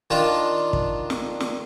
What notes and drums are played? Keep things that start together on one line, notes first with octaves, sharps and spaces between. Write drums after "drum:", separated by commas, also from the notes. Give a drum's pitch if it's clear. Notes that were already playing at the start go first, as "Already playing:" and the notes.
D#3 D4 F4
drum: kick
drum: snare
drum: snare